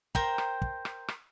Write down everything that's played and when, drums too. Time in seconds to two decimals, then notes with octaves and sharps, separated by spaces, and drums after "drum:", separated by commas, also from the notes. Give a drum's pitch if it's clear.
0.15 A#4 C5 G5 A#5, drum: kick
0.38 drum: rim click
0.62 drum: kick
0.85 drum: rim click
1.08 drum: rim click